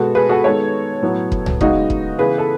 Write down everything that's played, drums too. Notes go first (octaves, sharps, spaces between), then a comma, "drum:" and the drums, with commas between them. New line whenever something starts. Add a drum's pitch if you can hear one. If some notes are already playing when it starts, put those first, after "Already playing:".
Already playing: B2 G#3 B3 F#4 A4
G#4 B4
F#4 A4
D#3 G#3 B3 A4 C#5
A2 F#3 B3
drum: kick
drum: tom C2
C#3 G#3 B3 D#4 F#4, drum: kick
drum: kick
C#3 E3 B3 G#4 B4
A4